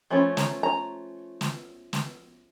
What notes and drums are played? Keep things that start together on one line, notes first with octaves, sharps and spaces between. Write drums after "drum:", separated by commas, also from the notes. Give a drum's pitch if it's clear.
F3 A3 C#4 B5
A#5, drum: snare
A#5
drum: snare
drum: snare